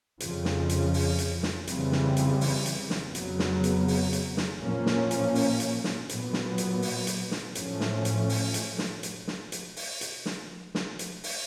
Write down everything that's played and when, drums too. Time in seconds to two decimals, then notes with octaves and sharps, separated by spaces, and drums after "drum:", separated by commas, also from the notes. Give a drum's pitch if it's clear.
0.20 F2 C#3 F3, drum: hi-hat
0.45 drum: snare
0.69 drum: hi-hat
0.94 drum: open hi-hat
1.18 drum: hi-hat
1.43 drum: snare
1.67 F2 C#3 E3 G3 C4, drum: hi-hat
1.92 drum: snare
2.17 drum: hi-hat
2.41 drum: open hi-hat
2.66 drum: hi-hat
2.90 drum: snare
3.15 F2 C#3 F#3 B3, drum: hi-hat
3.39 drum: snare
3.64 drum: hi-hat
3.88 drum: open hi-hat
4.13 drum: hi-hat
4.37 drum: snare
4.61 A#2 F3 A#3 C#4
4.86 drum: snare
5.11 drum: hi-hat
5.35 drum: open hi-hat
5.60 drum: hi-hat
5.84 drum: snare
6.09 A#2 F#3 B3, drum: hi-hat
6.33 drum: snare
6.58 drum: hi-hat
6.82 drum: open hi-hat
7.07 drum: hi-hat
7.31 drum: snare
7.55 A2 F3 A3 C#4, drum: hi-hat
7.80 drum: snare
8.05 drum: hi-hat
8.29 drum: open hi-hat
8.54 drum: hi-hat
8.78 drum: snare
9.03 drum: hi-hat
9.28 drum: snare
9.52 drum: hi-hat
9.77 drum: open hi-hat
10.01 drum: hi-hat
10.26 drum: snare
10.75 drum: snare
10.99 drum: hi-hat
11.24 drum: open hi-hat